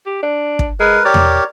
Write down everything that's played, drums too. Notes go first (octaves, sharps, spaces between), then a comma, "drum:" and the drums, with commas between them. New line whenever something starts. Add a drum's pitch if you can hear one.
G4
D4
drum: kick
G#3 A#4 B4
G4 A#4 C#5 D5
drum: tom E2